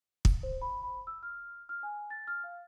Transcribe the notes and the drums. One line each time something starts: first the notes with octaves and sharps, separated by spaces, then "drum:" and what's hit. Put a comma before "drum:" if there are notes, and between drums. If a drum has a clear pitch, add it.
drum: kick
C5
B5
B5
E6
F6
F6
G#5
A6
F6
F5